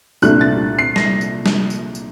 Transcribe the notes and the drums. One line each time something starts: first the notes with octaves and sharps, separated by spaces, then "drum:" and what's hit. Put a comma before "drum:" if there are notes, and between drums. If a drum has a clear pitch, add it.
C2 A#2 A3 D4 F#6, drum: tambourine
A6
C7
A#6, drum: snare
drum: tambourine
drum: snare
drum: tambourine
drum: tambourine